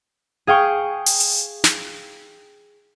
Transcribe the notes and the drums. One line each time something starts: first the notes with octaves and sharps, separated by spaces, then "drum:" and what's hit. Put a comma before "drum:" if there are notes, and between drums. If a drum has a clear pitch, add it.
G#4 F5 G5 C#6
drum: open hi-hat
drum: hi-hat
drum: snare